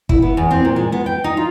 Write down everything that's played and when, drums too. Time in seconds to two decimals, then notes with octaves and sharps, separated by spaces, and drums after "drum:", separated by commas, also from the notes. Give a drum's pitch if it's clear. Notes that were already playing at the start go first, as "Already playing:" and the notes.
0.09 E4, drum: kick
0.22 B3
0.37 E2
0.51 C4
0.65 A#2
0.76 G#3
0.92 B3
1.06 G5
1.24 D#4
1.37 F4